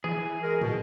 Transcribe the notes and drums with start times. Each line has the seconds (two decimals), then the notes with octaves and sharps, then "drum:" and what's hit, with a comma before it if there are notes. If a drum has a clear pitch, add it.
0.04 E3 G#4
0.43 G#3 A#4
0.61 B2, drum: tom